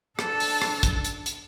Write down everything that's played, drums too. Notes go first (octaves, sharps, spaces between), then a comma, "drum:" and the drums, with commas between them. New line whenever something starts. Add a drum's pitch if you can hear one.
D4 A4, drum: rim click
drum: open hi-hat
drum: rim click
drum: kick, hi-hat
drum: hi-hat
drum: hi-hat